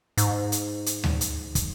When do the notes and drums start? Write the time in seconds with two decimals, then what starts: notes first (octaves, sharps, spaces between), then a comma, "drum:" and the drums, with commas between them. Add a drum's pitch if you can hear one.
0.17 G#2, drum: hi-hat
0.52 drum: hi-hat
0.86 drum: hi-hat
1.04 drum: tom D2
1.21 drum: hi-hat
1.55 drum: kick, hi-hat